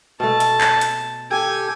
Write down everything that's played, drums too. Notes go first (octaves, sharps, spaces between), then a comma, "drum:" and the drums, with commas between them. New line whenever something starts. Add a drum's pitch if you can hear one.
B2 A3 A5
drum: hi-hat
drum: clap
drum: hi-hat
G4 A4 G5 G#5